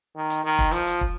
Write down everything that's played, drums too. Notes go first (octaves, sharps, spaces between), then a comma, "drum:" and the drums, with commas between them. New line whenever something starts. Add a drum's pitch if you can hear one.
D#3
drum: hi-hat
D#3
drum: kick
F3, drum: hi-hat
drum: hi-hat
drum: kick